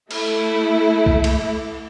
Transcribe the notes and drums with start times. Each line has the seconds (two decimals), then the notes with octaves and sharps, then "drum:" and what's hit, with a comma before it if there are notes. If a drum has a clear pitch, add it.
0.11 A3 E4, drum: cymbal
1.06 drum: kick
1.24 drum: cymbal